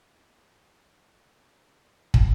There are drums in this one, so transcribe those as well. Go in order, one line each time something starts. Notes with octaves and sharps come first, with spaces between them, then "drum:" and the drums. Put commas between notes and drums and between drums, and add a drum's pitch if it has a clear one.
G#3 A4 D#5 C6
drum: kick